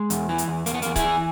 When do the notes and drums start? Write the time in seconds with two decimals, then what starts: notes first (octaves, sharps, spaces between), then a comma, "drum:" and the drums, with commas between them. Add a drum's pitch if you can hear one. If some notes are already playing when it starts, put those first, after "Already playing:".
Already playing: G#3
0.10 E2, drum: hi-hat
0.29 E3
0.38 drum: hi-hat
0.48 E2
0.66 E2 A#3, drum: hi-hat
0.74 B3
0.82 E2 A#3, drum: hi-hat
0.96 E4 G#4, drum: kick C#1, hi-hat
1.05 E3